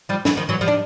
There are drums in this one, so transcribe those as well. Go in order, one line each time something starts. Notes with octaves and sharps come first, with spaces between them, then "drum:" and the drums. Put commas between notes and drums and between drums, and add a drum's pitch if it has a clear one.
F3 G3
E3 F#3, drum: snare
D#3 F3
E3 F#3
F3 G3
D4